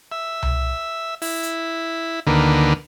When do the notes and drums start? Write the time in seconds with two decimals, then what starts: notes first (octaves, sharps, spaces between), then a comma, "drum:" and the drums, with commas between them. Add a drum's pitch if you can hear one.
0.12 E5
0.43 drum: tom C2
1.22 E4, drum: open hi-hat
1.43 drum: hi-hat
2.27 D2 D3 D#3 A#3 B4